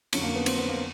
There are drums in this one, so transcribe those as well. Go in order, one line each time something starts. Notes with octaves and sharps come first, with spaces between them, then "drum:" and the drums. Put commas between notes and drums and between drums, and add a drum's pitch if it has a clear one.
F2 D3 F#3 C#4, drum: cymbal
A#3
B3
C4, drum: cymbal
B3
A#3